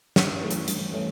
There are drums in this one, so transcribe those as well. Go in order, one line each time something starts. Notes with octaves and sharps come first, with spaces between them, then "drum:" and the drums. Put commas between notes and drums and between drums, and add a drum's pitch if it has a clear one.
G2 C#6, drum: snare
E3 A3 C#4
drum: hi-hat
G2, drum: hi-hat
E3 A3 C#4